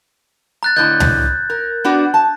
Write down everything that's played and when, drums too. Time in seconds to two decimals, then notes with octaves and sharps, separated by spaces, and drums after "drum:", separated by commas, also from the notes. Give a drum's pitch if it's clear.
0.63 A#5 F#6 A6
0.77 A2 D3 D#5 G6
1.00 drum: tom C#2
1.50 A#4
1.84 B3 D4 F#4
2.14 A5